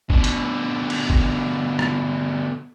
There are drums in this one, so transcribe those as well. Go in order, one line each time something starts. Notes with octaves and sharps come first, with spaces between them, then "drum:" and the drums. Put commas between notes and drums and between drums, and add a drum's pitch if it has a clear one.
B2 D3, drum: kick G1
drum: hi-hat
drum: cymbal
drum: kick G1
drum: rim click